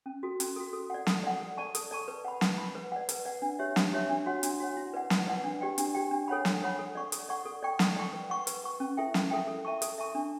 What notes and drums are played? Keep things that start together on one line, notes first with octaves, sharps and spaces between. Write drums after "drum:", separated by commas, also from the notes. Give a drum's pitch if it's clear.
C#4
F#4 A4
C#4, drum: hi-hat
F#4 A4
A4
D5 F#5
A4, drum: snare
D5 F#5
A4
D5 A5 C#6
A4, drum: hi-hat
D5 A5 C#6
B4
F#5 B5
B4, drum: snare
F#5 B5
B4
D5 F#5
B4, drum: hi-hat
D5 F#5
D4
G4 C#5 E5
D4, drum: snare
G4 C#5 E5
D4
F#4 C#5 F#5
D4, drum: hi-hat
F#4 C#5 F#5
E4
B4 D5 F#5
E4, drum: snare
B4 D5 F#5
D4
G4 D5 G5
D4, drum: hi-hat
G4 D5 G5
D4
A4 C#5 F#5 B5
D4, drum: snare
A4 C#5 F#5 B5
A4
D5 F#5 C#6
A4, drum: hi-hat
D5 F#5 C#6
A4
D5 G5 C#6
A4, drum: snare
D5 G5 C#6
B4
F#5 C#6
B4, drum: hi-hat
F#5 C#6
C#4
E4 A4 E5 G5
C#4, drum: snare
E4 A4 E5 G5
A4
E5 A5 C#6
A4, drum: hi-hat
E5 A5 C#6
D4